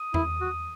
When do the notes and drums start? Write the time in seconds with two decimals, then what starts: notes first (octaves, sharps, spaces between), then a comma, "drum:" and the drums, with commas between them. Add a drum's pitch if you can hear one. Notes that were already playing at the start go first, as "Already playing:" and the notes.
Already playing: D#6
0.14 E4, drum: tom E2
0.41 F#4